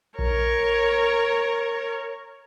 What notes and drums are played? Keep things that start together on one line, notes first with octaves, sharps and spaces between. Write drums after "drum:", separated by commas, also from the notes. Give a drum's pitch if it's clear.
A#4 C#5, drum: kick A#1